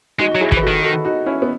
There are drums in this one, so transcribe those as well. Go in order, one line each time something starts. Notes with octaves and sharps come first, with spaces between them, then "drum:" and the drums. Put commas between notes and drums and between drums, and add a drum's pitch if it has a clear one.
G#3 D#4 F#4
F#3 F#4
E4 G#4
E3, drum: kick
B4
D#3 F#4 A4
F#4 A4
D#4 F#4
C#4 E4
B3